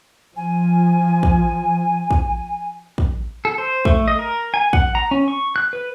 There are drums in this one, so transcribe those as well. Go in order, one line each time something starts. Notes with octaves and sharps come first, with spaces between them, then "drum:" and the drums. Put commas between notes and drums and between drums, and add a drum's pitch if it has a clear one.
F3 G#5
drum: kick
drum: kick
drum: kick
A4
C5
A3, drum: kick
D#5
A#4
G#5
F#5, drum: kick
A#5
C#4
C#6
F#6
B4